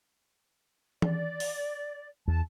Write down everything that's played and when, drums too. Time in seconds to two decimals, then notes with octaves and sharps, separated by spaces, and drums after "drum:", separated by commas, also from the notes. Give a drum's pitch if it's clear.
1.02 D5, drum: tom E3
1.40 drum: open hi-hat
2.28 E2 A5